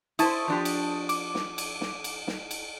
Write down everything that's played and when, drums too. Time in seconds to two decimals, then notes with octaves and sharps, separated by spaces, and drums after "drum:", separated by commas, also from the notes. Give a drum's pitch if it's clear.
0.19 E4 C5 A5 C#6 D#6, drum: cymbal
0.48 F3 D4 G4
0.65 drum: cymbal
1.09 D6, drum: cymbal
1.35 drum: snare
1.58 drum: cymbal
1.81 drum: snare
2.04 drum: cymbal
2.27 drum: snare
2.51 drum: cymbal